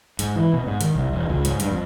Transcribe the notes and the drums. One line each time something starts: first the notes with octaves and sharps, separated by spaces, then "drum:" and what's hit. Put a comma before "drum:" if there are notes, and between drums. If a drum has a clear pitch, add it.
G#2, drum: hi-hat
E3
B2
G#2
D#3, drum: hi-hat
C2
E1
C#2
G#2, drum: hi-hat
G2, drum: hi-hat
F2